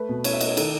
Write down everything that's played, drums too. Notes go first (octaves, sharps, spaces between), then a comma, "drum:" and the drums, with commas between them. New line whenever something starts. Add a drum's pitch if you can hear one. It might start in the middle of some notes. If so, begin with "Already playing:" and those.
Already playing: A3 B4
B2
C#4 C#5, drum: cymbal
E5
A3 D#5, drum: cymbal
C#5
D#3 A4, drum: cymbal